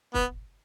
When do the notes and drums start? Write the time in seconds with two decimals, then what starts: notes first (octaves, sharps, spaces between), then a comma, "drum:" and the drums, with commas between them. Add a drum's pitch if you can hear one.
0.14 B3, drum: kick